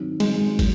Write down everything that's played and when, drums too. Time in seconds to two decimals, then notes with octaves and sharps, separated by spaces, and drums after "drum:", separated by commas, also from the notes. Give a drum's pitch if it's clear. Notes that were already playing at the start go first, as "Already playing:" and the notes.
Already playing: D#3 F#3 C4
0.20 D#3 F#3 G#3 C4, drum: cymbal
0.59 F#3, drum: kick, cymbal